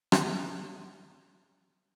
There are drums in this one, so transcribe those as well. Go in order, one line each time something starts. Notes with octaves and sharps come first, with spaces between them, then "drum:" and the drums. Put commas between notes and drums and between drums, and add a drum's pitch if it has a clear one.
drum: rim click
G#4
G#4
F#4
F#4
A3